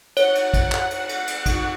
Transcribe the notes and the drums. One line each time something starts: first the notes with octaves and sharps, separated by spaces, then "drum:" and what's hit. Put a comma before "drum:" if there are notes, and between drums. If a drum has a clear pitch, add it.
C#5 F#5, drum: cymbal
drum: cymbal
drum: kick, cymbal
drum: clap
drum: cymbal
drum: cymbal
drum: cymbal
drum: kick, cymbal